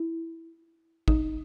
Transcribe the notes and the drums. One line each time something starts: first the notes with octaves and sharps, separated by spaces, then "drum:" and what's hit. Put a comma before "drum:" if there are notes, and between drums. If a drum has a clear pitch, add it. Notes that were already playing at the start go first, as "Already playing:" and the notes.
Already playing: E4
D#4, drum: kick